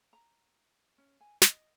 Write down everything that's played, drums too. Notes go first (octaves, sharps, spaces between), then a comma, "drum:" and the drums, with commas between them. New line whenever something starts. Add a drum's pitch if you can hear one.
A#5
C#4
G#5
D#5, drum: snare